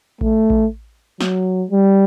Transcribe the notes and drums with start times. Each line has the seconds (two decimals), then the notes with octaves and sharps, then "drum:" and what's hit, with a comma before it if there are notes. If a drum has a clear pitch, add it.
0.21 A3, drum: kick A1
0.50 drum: kick A1
1.21 F#3, drum: snare
1.70 G3